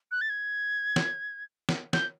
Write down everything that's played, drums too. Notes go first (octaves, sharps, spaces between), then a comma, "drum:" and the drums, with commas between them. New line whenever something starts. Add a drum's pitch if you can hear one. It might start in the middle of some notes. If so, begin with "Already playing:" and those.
F#6
A6
G#6
drum: snare
drum: snare
G6, drum: snare